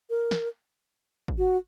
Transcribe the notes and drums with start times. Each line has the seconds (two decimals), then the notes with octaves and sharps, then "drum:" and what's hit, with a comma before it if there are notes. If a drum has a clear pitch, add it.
0.10 A#4
0.31 drum: snare
1.28 drum: kick
1.38 F#4